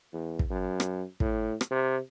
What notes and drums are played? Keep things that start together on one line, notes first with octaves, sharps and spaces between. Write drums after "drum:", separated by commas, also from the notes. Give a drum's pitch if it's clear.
E2
drum: kick
F#2
drum: rim click
A2, drum: kick
drum: rim click
C3